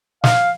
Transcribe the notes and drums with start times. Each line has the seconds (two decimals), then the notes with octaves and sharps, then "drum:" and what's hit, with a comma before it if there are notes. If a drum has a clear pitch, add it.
0.24 F5, drum: snare